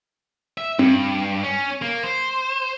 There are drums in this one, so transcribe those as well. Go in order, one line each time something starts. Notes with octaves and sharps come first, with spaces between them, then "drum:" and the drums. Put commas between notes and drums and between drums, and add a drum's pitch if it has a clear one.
E5
G2, drum: tom C4
C#4
A#3
C5